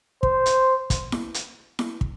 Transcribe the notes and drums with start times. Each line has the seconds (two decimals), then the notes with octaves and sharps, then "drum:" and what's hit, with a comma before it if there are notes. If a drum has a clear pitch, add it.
0.23 C5, drum: kick
0.46 drum: hi-hat
0.90 drum: kick, hi-hat
1.12 drum: snare E4
1.34 drum: hi-hat
1.79 drum: snare E4
2.01 drum: kick